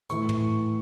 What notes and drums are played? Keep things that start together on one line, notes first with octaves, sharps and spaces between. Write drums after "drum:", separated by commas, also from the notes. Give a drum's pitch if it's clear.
A2 E3 A3 E4 C#6, drum: hi-hat
drum: tom